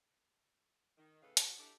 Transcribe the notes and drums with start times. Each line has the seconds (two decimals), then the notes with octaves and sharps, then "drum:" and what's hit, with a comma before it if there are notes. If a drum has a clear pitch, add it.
0.97 D#3
1.22 A2 C#3 A4 B4 F5
1.37 D#2 E3 B3 F#4, drum: hi-hat
1.59 D4 E4 G4 A4